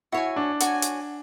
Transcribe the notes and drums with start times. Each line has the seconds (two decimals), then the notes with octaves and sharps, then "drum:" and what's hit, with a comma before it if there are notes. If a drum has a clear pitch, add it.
0.12 E4 F#4 C#5 G#5
0.36 D4
0.60 F#4 C#5 G#5, drum: hi-hat
0.82 drum: hi-hat